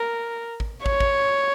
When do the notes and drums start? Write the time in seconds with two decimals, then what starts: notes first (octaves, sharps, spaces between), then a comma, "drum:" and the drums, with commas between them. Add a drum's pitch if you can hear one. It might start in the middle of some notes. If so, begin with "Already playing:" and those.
Already playing: A#4
0.60 drum: kick
0.86 C#5, drum: kick
1.00 drum: kick